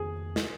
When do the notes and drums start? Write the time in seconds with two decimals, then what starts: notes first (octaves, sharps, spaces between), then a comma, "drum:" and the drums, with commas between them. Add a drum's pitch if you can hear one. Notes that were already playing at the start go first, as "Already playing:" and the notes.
Already playing: F2 D#3 A#3 G#4
0.36 drum: snare